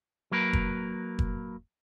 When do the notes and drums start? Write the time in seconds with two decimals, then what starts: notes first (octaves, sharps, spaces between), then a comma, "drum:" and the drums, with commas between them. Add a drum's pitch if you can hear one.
0.32 F#3 A#3 A#4 B4
0.53 drum: kick
1.19 drum: kick